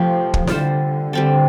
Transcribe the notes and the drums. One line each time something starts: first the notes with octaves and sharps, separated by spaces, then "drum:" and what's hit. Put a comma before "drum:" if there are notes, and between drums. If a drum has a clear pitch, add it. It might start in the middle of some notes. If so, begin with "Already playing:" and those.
Already playing: C3 F3 A3 C4 G4
drum: kick
D3 G3 F4 A4 C5, drum: snare E4
G3 C4 A4